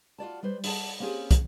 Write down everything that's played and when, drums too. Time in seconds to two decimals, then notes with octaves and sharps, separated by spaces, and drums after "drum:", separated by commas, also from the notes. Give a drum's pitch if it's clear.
0.18 F4 F#4 D5 A5
0.43 G3 B4 C5
0.64 G#4 A4 D5 F#5 G#5 A5, drum: open hi-hat
1.00 A#3 C4 C#4 G4 G#4
1.31 drum: kick, hi-hat